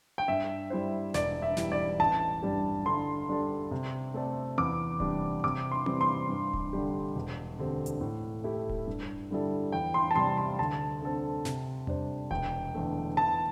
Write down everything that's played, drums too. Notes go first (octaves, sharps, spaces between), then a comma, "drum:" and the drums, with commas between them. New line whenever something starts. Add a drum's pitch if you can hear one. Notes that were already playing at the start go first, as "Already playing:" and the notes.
G5
G2 E5
G3 E4 C5
E1 D5, drum: snare
E5
E2 E3 G3 E4, drum: snare
D5
A1 A5
G2 G3 D4 G4
D3 C6
G3 D4 A4 D5
C3
A3 C4 A4 D5
E2 D6, drum: tom C4
C3 G3 D4, drum: kick D1
C3 D6
C6
E3 G3 C4, drum: tom C4
C6
G2
drum: kick D1
D3 G3 D4 G4
E1
D2 D3 C4 G4
drum: hi-hat
A2
A3 E4 G4
drum: kick D1
G2
D3 G3 E4 A4
E2 G5
C6
A5
C3 G3 C6
C6
D2 A5
D3 C4 A4 C5
C3, drum: snare
G3 D4 C5, drum: tom E2
E1 G5, drum: kick D1
E2 D3 A3
E2 A5